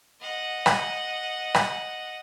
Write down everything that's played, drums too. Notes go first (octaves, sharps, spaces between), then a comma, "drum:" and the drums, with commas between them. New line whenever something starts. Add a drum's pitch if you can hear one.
D#5 F#5
drum: rim click
drum: rim click